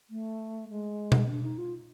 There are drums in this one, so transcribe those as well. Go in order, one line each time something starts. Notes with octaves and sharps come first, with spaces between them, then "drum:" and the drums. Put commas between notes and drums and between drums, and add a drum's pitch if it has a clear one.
A3
G#3
drum: tom B2
D4
D#4
F4